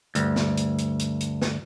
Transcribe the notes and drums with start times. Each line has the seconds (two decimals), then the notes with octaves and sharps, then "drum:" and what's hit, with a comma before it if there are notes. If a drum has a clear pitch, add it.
0.15 D2 G2, drum: hi-hat
0.36 drum: snare
0.57 drum: hi-hat
0.78 drum: hi-hat
0.99 drum: hi-hat
1.20 drum: hi-hat
1.42 drum: snare